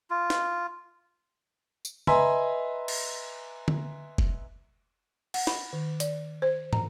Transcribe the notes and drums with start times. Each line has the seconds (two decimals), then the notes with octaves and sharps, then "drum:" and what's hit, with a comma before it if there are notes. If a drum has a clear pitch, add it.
0.10 F4
0.30 drum: snare
1.85 drum: tambourine
2.07 B4 D#5 E5 G#5 A#5 C6, drum: tom C#3
2.88 drum: cymbal
3.68 drum: tom D3
4.18 drum: kick F1
5.34 F#5, drum: cymbal
5.47 B5, drum: snare
5.73 D#3
6.00 D5, drum: hi-hat
6.42 C5
6.73 A#5, drum: tom